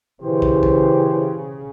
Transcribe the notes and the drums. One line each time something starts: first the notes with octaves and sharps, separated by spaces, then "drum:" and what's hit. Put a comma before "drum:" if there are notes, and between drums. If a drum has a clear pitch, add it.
C#3 E3 G4 C5
drum: kick
drum: kick